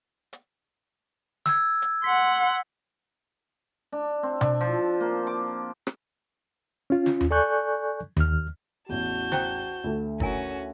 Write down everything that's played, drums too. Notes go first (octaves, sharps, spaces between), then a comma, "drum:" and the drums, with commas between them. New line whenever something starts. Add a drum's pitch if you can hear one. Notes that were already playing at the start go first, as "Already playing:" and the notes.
drum: hi-hat
E6 G#6, drum: snare
drum: hi-hat
F#5 C6 B6
D4
C4
D4, drum: tom B2
F3
A#3
D6
drum: rim click
C#4 F4
drum: snare
drum: tom D#2
A4 D5 G#5 C#6 F#6 G6
D#2 F6, drum: tom D#2
A1 E2 F#4 A5 G6
E4 C5 G5, drum: snare
D2 A3
C#4 E4 F#4 A#4 G#5, drum: kick